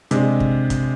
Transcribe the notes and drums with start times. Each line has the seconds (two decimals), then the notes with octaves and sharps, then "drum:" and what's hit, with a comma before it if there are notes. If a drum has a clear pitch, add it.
0.11 C3 G#3 D4, drum: hi-hat
0.40 drum: kick
0.70 drum: kick, hi-hat